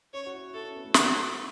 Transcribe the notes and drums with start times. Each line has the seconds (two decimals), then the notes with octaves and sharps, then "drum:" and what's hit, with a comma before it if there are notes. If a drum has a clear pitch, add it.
0.14 C#4 C#5
0.26 F#4
0.33 E4
0.54 E4 A4
0.65 C#4
0.75 B3
0.85 A3
0.94 B3 F#4, drum: snare